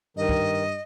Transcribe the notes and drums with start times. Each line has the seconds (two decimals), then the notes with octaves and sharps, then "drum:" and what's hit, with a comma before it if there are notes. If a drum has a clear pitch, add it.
0.17 G2 D#3 D#5
0.29 drum: kick